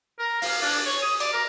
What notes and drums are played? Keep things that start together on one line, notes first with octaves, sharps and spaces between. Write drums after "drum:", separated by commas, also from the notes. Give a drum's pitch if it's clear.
A#4
F5, drum: open hi-hat
D4, drum: open hi-hat
C#5
D#6
D5, drum: cymbal
A#4